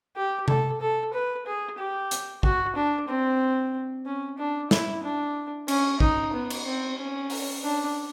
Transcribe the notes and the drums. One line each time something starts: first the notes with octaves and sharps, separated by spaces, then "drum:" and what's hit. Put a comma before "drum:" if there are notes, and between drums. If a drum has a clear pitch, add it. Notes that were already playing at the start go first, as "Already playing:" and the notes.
G4
A4, drum: tom C3
A4
B4
G#4
G4
drum: hi-hat
F#4, drum: kick
D4
C4
C#4
D4
E4, drum: snare
D4
C#4, drum: cymbal
D#4, drum: kick
B3
drum: cymbal
C4
C#4
drum: open hi-hat
D4